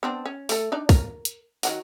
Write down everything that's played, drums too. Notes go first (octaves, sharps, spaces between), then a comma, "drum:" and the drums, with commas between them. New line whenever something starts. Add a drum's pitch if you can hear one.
B3 C4 D4
C#4
A3 A4, drum: open hi-hat
D4 D#4 D5
A#4, drum: kick, open hi-hat
drum: hi-hat
D#3 F#3 F#4, drum: open hi-hat